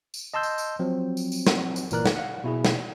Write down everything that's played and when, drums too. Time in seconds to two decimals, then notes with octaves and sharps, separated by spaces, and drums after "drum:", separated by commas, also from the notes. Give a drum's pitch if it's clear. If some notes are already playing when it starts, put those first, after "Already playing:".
0.14 drum: tambourine
0.34 D#5 A5 C6 E6 G6
0.43 drum: tambourine
0.58 drum: tambourine
0.79 F3 F#3 C4
1.17 drum: tambourine
1.32 drum: tambourine
1.47 drum: snare
1.76 drum: tambourine
1.91 G1 A#2 E3 A#4 D5 F#6, drum: tambourine
2.06 drum: snare
2.16 F5 F#5
2.44 B2 E4 G#4
2.65 drum: snare